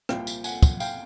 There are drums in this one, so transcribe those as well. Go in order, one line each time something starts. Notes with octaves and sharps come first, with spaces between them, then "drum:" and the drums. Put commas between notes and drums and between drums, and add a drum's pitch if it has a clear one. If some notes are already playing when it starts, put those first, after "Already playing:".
C2 A#2 F3 F5 G5, drum: rim click
drum: tambourine
F#5 G#5, drum: tambourine
drum: kick, tambourine
F5 G5, drum: tambourine